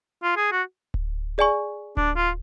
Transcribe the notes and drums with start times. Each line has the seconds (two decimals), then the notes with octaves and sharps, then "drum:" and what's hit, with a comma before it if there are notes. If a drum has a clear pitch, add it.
0.23 F4
0.37 G#4
0.52 F#4
0.94 drum: kick D1
1.38 G#4 D5 G#5 C#6
1.97 D4, drum: kick D1
2.16 F4